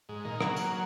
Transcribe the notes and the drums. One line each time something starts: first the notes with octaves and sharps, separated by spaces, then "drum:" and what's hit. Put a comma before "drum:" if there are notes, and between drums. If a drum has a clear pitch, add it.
G#2
A#2 D#3
F#3 A#3, drum: rim click
drum: tambourine